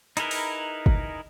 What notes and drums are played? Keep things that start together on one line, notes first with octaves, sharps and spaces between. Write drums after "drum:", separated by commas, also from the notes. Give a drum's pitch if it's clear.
D#4 E4 G#4 A#4 B4, drum: hi-hat
drum: open hi-hat
drum: kick